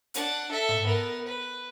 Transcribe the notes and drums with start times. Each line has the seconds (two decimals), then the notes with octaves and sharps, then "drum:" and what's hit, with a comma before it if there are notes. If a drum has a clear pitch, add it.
0.14 D4 F#5, drum: hi-hat
0.51 A4 E5
0.69 drum: tom G#2
0.85 B3 A#4
1.27 B4